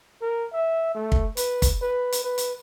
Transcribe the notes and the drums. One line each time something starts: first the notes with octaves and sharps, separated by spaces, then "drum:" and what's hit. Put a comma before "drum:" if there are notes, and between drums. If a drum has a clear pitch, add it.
A#4
E5
A3
drum: kick
B4, drum: hi-hat
drum: kick, hi-hat
B4
drum: hi-hat
B4
drum: hi-hat